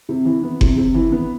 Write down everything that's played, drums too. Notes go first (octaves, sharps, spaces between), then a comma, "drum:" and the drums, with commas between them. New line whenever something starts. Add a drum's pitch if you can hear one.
C3
E3
B3
C3, drum: kick F#1
C3
E3
B3